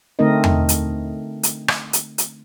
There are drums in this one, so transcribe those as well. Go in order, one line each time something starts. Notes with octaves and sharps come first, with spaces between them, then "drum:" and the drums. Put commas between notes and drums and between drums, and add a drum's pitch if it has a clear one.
D3 A3 C4 D#4 A#4 D#5
drum: tom E2
drum: hi-hat
drum: hi-hat
drum: rim click
drum: hi-hat
drum: hi-hat